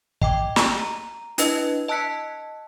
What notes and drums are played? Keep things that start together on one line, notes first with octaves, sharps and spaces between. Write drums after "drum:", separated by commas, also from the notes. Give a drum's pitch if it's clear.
D#5 G5 D6, drum: kick
drum: snare
A#5
D4 E4 B4 D#5, drum: hi-hat
D#5 A5 E6 F#6 B6 C#7